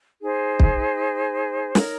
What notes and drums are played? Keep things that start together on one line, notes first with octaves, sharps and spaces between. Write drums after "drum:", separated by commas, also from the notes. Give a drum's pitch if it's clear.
D#4 G#4 C5
drum: kick
D#4 A#4 C#5, drum: snare